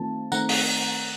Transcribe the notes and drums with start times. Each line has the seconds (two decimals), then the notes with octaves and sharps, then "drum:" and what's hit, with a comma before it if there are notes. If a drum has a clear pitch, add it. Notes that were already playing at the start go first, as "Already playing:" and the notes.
Already playing: D#3 A3 C4 F4 A5
0.32 D#3 A3 C4 F#5 A#5, drum: tambourine
0.49 drum: open hi-hat